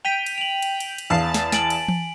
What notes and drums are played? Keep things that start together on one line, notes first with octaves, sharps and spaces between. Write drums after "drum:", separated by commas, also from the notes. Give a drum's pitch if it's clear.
G5 B6 D#7 F7
drum: cymbal
F7 F#7
drum: cymbal
drum: cymbal
drum: cymbal
E2 F5 A5 C7
drum: snare
G#5 D7 F#7, drum: snare
drum: cymbal
drum: tom E3